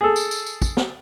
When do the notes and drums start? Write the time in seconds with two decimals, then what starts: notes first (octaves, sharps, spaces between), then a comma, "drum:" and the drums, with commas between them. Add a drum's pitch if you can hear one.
0.01 G#4 A4
0.16 drum: tambourine
0.31 drum: tambourine
0.46 drum: tambourine
0.62 drum: kick, tambourine
0.77 drum: snare